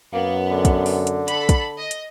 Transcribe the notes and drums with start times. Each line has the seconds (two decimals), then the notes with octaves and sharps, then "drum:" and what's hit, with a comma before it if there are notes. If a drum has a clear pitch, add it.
0.13 F#2 A#3 B3
0.51 D3
0.65 drum: kick, hi-hat
0.86 drum: open hi-hat
1.07 drum: hi-hat
1.28 A4 B5, drum: hi-hat
1.49 drum: kick, hi-hat
1.77 D#5
1.91 drum: hi-hat